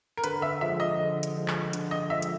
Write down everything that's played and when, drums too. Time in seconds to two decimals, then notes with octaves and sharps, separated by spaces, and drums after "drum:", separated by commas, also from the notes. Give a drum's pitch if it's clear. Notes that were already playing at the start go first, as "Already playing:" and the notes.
0.17 A#4
0.24 D3 B4, drum: hi-hat
0.42 E5
0.61 F3 G#3 E5
0.80 D#5
0.98 D3
1.23 drum: hi-hat
1.36 F3 G#3
1.48 drum: clap
1.73 D3, drum: hi-hat
1.91 D#5
2.10 F3 G#3 E5
2.22 drum: hi-hat